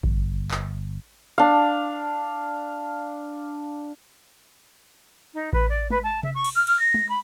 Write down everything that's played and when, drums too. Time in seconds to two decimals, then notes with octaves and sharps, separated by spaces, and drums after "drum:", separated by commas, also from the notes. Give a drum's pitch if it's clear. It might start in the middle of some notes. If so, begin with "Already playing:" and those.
0.03 G1, drum: kick A1
0.51 drum: clap
1.38 D4 F5
5.34 D#4
5.53 B4, drum: kick A1
5.69 D5
5.90 B4, drum: tom G#3
6.03 A5
6.23 E5, drum: tom C3
6.34 C#6
6.44 drum: cymbal
6.55 F6
6.67 F6, drum: cymbal
6.79 A#6
6.94 drum: tom G#3
7.09 B5